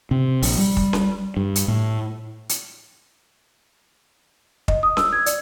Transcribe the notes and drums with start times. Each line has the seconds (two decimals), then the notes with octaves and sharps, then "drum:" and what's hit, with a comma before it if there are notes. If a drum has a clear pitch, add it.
0.11 C3
0.42 A#1, drum: open hi-hat
0.58 G3
0.77 drum: kick
0.93 drum: snare C#4
1.37 G2
1.55 drum: hi-hat
1.68 A2
2.49 drum: hi-hat
4.68 D#5, drum: kick
4.83 D#6
4.97 E6, drum: snare C#4
5.13 G#6
5.26 D5, drum: hi-hat